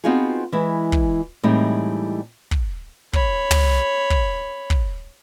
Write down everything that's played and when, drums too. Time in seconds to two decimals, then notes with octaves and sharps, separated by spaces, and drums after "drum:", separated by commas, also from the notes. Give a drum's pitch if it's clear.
0.04 B3 C4 D#4 F4 F#4 G#4
0.52 E3 G#3 E4
0.92 drum: kick
1.43 A2 E3 G3 G#3 C4 D#4
2.51 drum: kick
3.13 C#5 B5, drum: kick
3.51 drum: tom
4.10 drum: kick
4.70 drum: kick